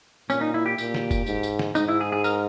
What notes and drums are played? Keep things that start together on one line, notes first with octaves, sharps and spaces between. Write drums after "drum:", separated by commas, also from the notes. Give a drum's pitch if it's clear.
A#2 C#4, drum: tambourine
D#4
E4
G4
A#2 G4, drum: tambourine
drum: snare
drum: kick, tambourine
G#2, drum: tambourine
drum: tambourine
drum: snare
G#2 D#4, drum: tambourine
E4
G#4
G#4
A#4, drum: tambourine